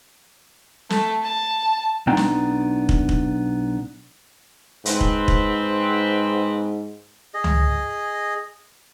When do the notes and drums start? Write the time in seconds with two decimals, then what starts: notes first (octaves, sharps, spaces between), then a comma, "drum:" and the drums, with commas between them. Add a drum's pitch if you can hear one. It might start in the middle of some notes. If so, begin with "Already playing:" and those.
0.90 A3, drum: snare
1.23 A5
2.07 B1 B3 C4 D4 D#4 G5
2.17 drum: snare
2.89 drum: kick
3.09 drum: kick
4.85 G#2 C4 B4, drum: hi-hat
5.01 drum: kick
5.28 drum: kick
7.34 G#4 D#5
7.44 drum: tom C#2